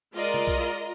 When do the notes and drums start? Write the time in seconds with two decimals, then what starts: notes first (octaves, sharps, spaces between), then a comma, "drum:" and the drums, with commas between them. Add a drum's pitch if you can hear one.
0.14 G#3 F4 A#4 D5 D#5
0.34 drum: tom
0.47 drum: kick B1